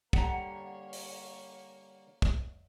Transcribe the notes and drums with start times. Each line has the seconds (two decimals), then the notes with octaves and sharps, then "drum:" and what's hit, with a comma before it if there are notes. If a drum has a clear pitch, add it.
0.13 D3 G3 A#3 C#5 F#5 A#5, drum: kick
0.93 drum: open hi-hat
2.22 drum: kick